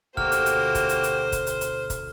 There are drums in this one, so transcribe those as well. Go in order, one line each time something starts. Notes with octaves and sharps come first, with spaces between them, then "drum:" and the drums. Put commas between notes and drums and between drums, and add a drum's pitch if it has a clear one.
D2 B2 A#3 F#4 G4 C5 F6, drum: kick
drum: hi-hat
drum: hi-hat
drum: kick, hi-hat
drum: hi-hat
drum: hi-hat
drum: kick, hi-hat
drum: hi-hat
drum: hi-hat
drum: kick, hi-hat